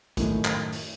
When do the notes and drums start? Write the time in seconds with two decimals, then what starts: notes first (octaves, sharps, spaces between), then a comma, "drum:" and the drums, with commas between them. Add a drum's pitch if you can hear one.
0.17 F#2 A2 D#3, drum: kick, hi-hat
0.45 drum: clap
0.72 drum: open hi-hat